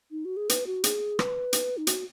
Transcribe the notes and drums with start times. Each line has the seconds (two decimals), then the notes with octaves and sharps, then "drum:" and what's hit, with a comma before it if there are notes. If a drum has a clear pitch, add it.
0.11 D#4
0.25 F#4
0.37 G#4
0.49 B4, drum: hi-hat
0.67 F#4
0.84 G#4, drum: hi-hat
1.19 B4, drum: rim click
1.53 drum: hi-hat
1.77 D#4
1.87 F#4, drum: hi-hat